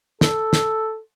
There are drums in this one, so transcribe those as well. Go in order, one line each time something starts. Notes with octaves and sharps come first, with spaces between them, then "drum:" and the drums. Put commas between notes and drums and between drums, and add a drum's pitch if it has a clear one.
A4, drum: snare
drum: snare